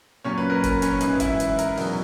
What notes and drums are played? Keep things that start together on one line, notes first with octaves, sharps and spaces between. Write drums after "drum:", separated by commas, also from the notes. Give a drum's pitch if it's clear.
A#2 F#3 C#4 C#5
B4
A#4
B4, drum: kick F#1, hi-hat
C#4 C#5, drum: hi-hat
G#2 E3 B4, drum: hi-hat
E4 E5, drum: kick F#1, hi-hat
B4, drum: hi-hat
A#4, drum: hi-hat
E2 B2 F#3, drum: open hi-hat